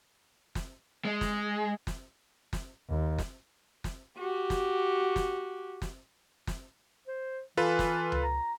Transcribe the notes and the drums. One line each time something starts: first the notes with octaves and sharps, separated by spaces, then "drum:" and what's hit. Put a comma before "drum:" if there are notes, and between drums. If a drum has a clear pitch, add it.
drum: snare
G#3
drum: snare
drum: snare
drum: snare
D#2
drum: snare
drum: snare
F#4 G4
drum: snare
drum: snare
drum: snare
drum: snare
C5
E3 F4 A4 B4
drum: snare
drum: tom C#2
A#5